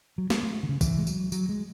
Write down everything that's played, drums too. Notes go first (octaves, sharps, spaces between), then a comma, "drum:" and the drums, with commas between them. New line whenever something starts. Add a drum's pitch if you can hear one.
F#3
G#3, drum: snare
A3
D3
C#3
E3, drum: kick, tambourine
G#3
F#3, drum: tambourine
F#3, drum: tambourine
G#3